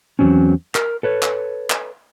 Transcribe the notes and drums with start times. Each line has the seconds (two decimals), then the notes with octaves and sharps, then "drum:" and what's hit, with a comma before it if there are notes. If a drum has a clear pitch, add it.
0.19 E2 E3 F#3 C4 C#4
0.75 A#4, drum: clap
1.03 A4 B4 C#5
1.23 drum: clap
1.70 drum: clap